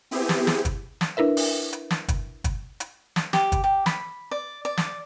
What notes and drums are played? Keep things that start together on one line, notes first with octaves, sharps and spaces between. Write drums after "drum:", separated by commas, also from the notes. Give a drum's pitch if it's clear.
B3 C4 E4 G4 G#4
drum: snare
drum: snare
drum: kick, hi-hat
drum: snare
D4 E4 A#4 B4 E5
drum: open hi-hat
drum: hi-hat
drum: snare
drum: kick, hi-hat
drum: kick, hi-hat
drum: hi-hat
drum: snare
G4, drum: snare
drum: kick, hi-hat
G4
B5, drum: snare
D5
D5
drum: snare